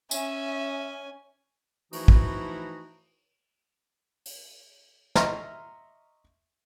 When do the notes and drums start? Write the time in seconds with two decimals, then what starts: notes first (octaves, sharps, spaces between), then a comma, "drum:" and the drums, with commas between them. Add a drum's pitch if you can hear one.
0.11 C#4 E5 G#5, drum: tambourine
1.93 E3 F3 A3 D#4 E4 F#4, drum: open hi-hat
2.08 drum: kick
4.25 drum: open hi-hat
5.15 D#5 E5 A#5 C6 C#6 F6, drum: snare